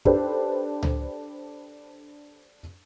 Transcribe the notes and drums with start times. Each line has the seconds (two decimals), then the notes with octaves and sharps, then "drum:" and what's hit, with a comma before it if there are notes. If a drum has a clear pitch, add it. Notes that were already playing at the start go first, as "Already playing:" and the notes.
0.05 D4 G4 A4 B4 C5, drum: kick
0.83 drum: tom C#2